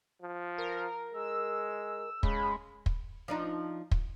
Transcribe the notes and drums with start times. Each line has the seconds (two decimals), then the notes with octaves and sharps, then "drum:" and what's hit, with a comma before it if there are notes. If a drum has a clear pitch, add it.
0.22 F3
0.58 A#4
1.14 G#3 E6
2.23 C#3 G#3 B5, drum: kick
2.86 drum: kick
3.28 F3 D4 D#4
3.91 drum: kick